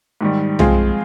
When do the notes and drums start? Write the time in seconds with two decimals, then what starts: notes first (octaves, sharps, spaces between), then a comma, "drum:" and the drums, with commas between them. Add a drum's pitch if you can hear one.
0.21 G#2 D#3 G3
0.59 F3 G#3 C4 F4 G#4, drum: tom B1